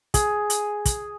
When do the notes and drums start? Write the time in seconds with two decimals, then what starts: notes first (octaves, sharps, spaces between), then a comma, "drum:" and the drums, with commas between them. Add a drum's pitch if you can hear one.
0.14 G#4, drum: kick, hi-hat
0.50 drum: hi-hat
0.85 drum: kick, hi-hat